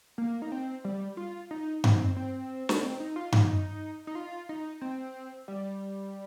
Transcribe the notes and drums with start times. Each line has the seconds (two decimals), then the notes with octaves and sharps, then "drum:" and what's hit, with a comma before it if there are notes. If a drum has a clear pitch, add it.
0.18 A#3
0.42 D#4
0.52 C4
0.85 G3
1.17 F4
1.51 D#4
1.84 C4, drum: tom G2
1.92 D#4
2.00 C4
2.17 C4
2.69 drum: snare
2.82 C4
3.00 D#4
3.16 F4
3.32 D#4, drum: tom G2
4.07 D#4
4.15 F4
4.49 D#4
4.81 C4
5.48 G3